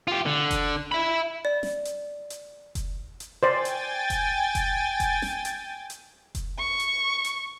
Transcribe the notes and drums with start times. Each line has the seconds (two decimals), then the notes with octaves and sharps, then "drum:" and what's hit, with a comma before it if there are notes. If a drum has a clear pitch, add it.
0.08 F4 G4
0.26 D3
0.51 drum: kick F1, hi-hat
0.92 E5 B5
1.45 D5
1.63 drum: snare
1.85 drum: hi-hat
2.30 drum: hi-hat
2.75 drum: kick F1, hi-hat
3.20 drum: hi-hat
3.43 C5 D5 G5 G#5 A6
3.65 drum: hi-hat
4.10 drum: kick F1, hi-hat
4.55 drum: kick F1, hi-hat
5.00 drum: kick F1, hi-hat
5.22 drum: snare
5.45 drum: hi-hat
5.90 drum: hi-hat
6.35 drum: kick F1, hi-hat
6.58 C#6
6.80 drum: hi-hat
7.24 drum: hi-hat